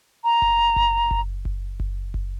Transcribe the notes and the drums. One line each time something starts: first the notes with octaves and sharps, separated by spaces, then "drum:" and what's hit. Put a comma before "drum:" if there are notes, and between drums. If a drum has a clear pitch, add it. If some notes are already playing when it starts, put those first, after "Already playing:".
A#5
drum: kick F#1
drum: kick F#1
drum: kick F#1
drum: kick F#1
drum: kick F#1
drum: kick F#1